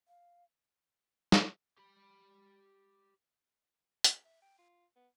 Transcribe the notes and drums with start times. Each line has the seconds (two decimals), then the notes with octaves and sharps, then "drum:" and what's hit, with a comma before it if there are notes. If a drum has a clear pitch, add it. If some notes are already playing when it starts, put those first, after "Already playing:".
0.08 F5
1.32 drum: snare
1.78 G4 B5
4.04 drum: hi-hat
4.25 E5
4.42 G5
4.59 F4
4.96 B3